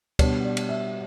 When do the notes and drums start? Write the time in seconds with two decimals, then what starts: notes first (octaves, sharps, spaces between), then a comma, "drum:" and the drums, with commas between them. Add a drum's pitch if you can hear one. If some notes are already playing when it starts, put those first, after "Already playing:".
0.19 B2 G3 B3 D4 C#5, drum: kick D2, cymbal
0.44 D5
0.57 drum: cymbal
0.69 E5